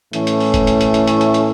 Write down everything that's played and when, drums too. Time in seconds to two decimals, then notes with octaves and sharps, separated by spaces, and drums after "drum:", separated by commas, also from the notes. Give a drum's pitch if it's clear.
0.13 A2 E3 A3 C#4, drum: hi-hat
0.27 drum: hi-hat
0.40 drum: open hi-hat
0.54 drum: kick F#1, hi-hat
0.67 drum: hi-hat
0.81 drum: hi-hat
0.94 drum: hi-hat
1.07 drum: hi-hat
1.21 drum: hi-hat
1.34 drum: hi-hat